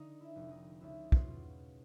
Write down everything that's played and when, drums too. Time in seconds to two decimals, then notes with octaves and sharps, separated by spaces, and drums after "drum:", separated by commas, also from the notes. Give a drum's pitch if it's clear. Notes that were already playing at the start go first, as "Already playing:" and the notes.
Already playing: D3 D#4
0.21 E4
0.36 F1
0.50 D#4
0.81 C#2 E4
1.12 F4, drum: kick
1.28 B2